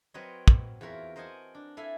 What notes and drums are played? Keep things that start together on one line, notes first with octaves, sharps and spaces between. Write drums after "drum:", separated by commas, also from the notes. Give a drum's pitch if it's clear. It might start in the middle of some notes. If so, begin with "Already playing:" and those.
F#3 C4 A#4 B4 C#5 D#5
drum: kick
E2 F4 F#4 A#4 E5
A#4 C5 D#5 F#5 G#5 A5
D4
E4 A4 E5 F5 G#5